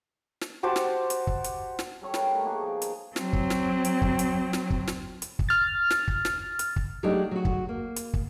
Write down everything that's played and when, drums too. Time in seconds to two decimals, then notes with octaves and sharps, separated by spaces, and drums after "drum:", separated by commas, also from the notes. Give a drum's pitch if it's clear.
0.41 drum: snare
0.63 F#4 G4 C5 A5
0.76 drum: snare
1.10 drum: hi-hat
1.27 drum: kick
1.44 drum: hi-hat
1.79 drum: snare
2.01 G3 A4 C#5 C#6
2.14 A#4 B4 G5, drum: snare
2.31 A3 D#4
2.44 A#3 B3 F#4 G#4
2.61 F3
2.82 drum: hi-hat
3.16 F#3 C4, drum: snare
3.33 drum: kick
3.50 drum: snare
3.85 drum: hi-hat
4.02 drum: kick
4.19 drum: hi-hat
4.53 drum: snare
4.70 drum: kick
4.88 drum: snare
5.22 drum: hi-hat
5.39 drum: kick
5.49 F6 A6
5.90 drum: snare
6.08 drum: kick
6.25 drum: snare
6.59 drum: hi-hat
6.76 drum: kick
7.03 F#3 G#3 A3 D4 D#4 G4
7.31 F#3 F#4
7.45 drum: kick
7.69 A#3
7.96 drum: hi-hat
8.14 drum: kick